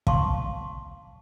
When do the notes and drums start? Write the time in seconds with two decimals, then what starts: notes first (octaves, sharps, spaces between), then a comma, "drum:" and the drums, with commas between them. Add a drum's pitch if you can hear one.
0.07 F5 A5 C6 C#6, drum: kick